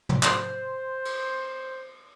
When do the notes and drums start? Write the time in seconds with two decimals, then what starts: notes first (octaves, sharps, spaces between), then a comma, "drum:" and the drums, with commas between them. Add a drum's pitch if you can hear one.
0.09 drum: tom
0.23 C5 C6, drum: clap
1.05 drum: cymbal